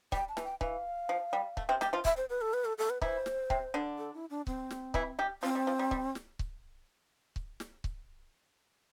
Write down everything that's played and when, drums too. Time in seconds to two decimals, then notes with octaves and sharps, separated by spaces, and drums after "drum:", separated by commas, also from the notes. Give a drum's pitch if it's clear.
0.12 G3 G5, drum: kick C#1
0.29 A5
0.37 E3, drum: snare
0.44 G5
0.61 E3 F5, drum: kick C#1
1.09 F3
1.33 G3
1.57 A3, drum: kick C#1
1.69 C3 C4
1.81 G3 G4, drum: snare
1.93 F3 F4
2.05 E5, drum: kick C#1
2.17 C5
2.30 B4
2.41 A4
2.53 B4
2.65 A4
2.78 A4
2.90 B4
3.01 E3 E4 C5, drum: kick C#1
3.26 drum: snare
3.50 C3 C4, drum: kick C#1
3.74 D3 D4
3.98 A4
4.14 E4
4.30 D4
4.47 C4, drum: kick C#1
4.71 drum: snare
4.94 E3 E4, drum: kick C#1
5.19 G3 G4
5.43 F3 C4 F4
5.55 G3
5.67 F3
5.79 G3
5.91 G3, drum: kick C#1
6.15 drum: snare
6.39 drum: kick C#1
7.36 drum: kick C#1
7.60 drum: snare
7.84 drum: kick C#1